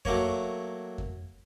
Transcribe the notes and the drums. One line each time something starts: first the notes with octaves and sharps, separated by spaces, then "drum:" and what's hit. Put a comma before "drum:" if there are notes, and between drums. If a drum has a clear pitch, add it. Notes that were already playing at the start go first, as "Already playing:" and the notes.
F#3 A3 A#3 C#5, drum: kick F2
drum: kick F2